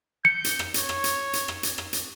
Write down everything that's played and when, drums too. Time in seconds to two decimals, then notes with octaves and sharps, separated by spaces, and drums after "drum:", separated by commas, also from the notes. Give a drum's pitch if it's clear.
0.25 G6 C#7
0.44 drum: hi-hat
0.59 drum: rim click
0.74 C#5, drum: hi-hat
0.89 drum: rim click
1.04 drum: hi-hat
1.33 drum: hi-hat
1.48 drum: rim click
1.63 drum: hi-hat
1.78 drum: rim click
1.93 drum: hi-hat